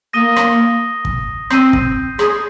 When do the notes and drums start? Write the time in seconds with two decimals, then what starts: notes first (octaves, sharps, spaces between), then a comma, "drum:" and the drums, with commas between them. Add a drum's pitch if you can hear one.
0.13 A#3 D#6 A#6 D#7 G7
0.36 drum: rim click
1.05 drum: kick
1.50 C4 G6 C7 D#7, drum: rim click
1.73 drum: kick
2.19 G#4, drum: rim click